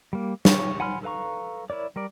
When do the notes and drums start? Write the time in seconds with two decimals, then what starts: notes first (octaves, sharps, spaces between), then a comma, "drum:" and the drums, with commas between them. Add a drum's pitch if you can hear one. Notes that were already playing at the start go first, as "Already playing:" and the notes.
0.13 G3 A#3
0.45 C#5, drum: snare
0.80 F#5 G#5 B5 C6 F6
1.03 A4 B4 F5 A#5 C#6
1.70 E4 A#4 C#5 D5
1.96 G3 A#4 D5